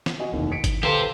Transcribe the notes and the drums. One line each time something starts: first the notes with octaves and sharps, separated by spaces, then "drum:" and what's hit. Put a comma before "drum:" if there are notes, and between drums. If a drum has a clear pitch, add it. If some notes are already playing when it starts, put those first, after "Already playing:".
drum: snare
F#4 D#5 G#5
F1 D#2 E3
B6 C#7 D7
drum: kick G#1, hi-hat
G4 A4 B4 C5 F5, drum: tom D3